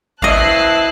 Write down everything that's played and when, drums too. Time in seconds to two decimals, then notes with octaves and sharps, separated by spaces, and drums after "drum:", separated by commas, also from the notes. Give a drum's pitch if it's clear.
0.22 B2 C4 E4 D#5 F5 A5 F#6 C7, drum: kick G#1